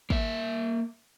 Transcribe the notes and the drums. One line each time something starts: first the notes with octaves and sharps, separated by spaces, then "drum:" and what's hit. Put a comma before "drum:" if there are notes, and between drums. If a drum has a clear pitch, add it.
A#3 E5, drum: kick